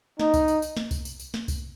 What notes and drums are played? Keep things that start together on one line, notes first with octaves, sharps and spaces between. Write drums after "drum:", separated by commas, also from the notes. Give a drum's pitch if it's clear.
D#4, drum: snare
drum: kick C2, tambourine
drum: tambourine
drum: tambourine
drum: snare
drum: kick C2, tambourine
drum: tambourine
drum: tambourine
drum: snare
drum: kick C2, tambourine